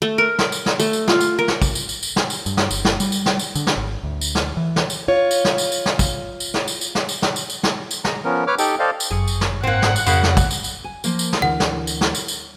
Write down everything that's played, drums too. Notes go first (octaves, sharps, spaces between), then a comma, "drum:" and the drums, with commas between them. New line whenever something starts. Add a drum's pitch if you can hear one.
A3
A#4
drum: snare
drum: tambourine
drum: snare
A3, drum: tambourine
drum: tambourine
F4, drum: snare
drum: tambourine
A#4
drum: snare
drum: kick, tambourine
drum: tambourine
drum: tambourine
drum: tambourine
drum: snare
drum: tambourine
G2, drum: tambourine
drum: snare
G1, drum: tambourine
drum: snare
G3, drum: tambourine
drum: tambourine
drum: snare
drum: tambourine
D3, drum: tambourine
drum: snare
G#1
D2
drum: tambourine
drum: snare
E3
drum: snare
drum: tambourine
F4 C#5
drum: tambourine
drum: snare
drum: tambourine
drum: tambourine
drum: snare
drum: kick, tambourine
drum: tambourine
drum: snare
drum: tambourine
drum: tambourine
drum: snare
drum: tambourine
drum: snare
drum: tambourine
drum: tambourine
drum: snare
drum: tambourine
A#5, drum: snare
F3 B3 C#4 A#4
B4 C#5 D6 F6
D#4 G4 A4 G5, drum: tambourine
A4 C5 D5 D#5 F5
drum: tambourine
G1 F#2 G#4 C#6
drum: tambourine
drum: snare
G#2 A#3 C4 F#5
drum: snare
drum: tambourine
F2 C#3 F#3 A#3 B5 F#6, drum: tambourine
drum: snare
drum: kick, tambourine
drum: tambourine
drum: tambourine
G#5
F3 A#3 A#4, drum: tambourine
drum: tambourine
drum: snare
D2 D3 E3 A#4 F#5
drum: snare
drum: tambourine
drum: snare
drum: tambourine
drum: tambourine